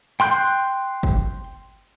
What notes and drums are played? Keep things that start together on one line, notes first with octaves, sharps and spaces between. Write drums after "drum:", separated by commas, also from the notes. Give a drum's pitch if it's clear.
G5 C6 F#6 G6
drum: kick G1